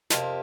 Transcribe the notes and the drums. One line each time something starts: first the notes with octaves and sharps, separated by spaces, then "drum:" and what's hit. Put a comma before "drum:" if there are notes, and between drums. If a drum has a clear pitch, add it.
F2 C3 A#3 G4, drum: snare